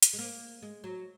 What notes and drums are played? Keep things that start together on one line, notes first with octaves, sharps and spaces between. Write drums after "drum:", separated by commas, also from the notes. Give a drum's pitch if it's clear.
drum: hi-hat
G#3
A#3
G#3
F#3